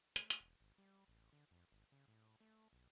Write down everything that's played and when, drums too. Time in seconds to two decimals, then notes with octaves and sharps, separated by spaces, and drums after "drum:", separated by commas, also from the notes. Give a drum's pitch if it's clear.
0.16 A3, drum: hi-hat
0.30 drum: hi-hat
0.40 E1
0.61 G#1
0.78 G3
1.08 A1
1.33 D3
1.51 F2
1.72 G#1
1.92 C#3
2.08 A2
2.41 A3
2.73 B1